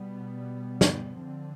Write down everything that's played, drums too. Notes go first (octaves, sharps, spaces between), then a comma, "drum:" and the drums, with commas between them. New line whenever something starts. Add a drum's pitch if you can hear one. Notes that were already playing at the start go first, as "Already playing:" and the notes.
Already playing: B2 G3 B3
drum: snare
D3 F3 C4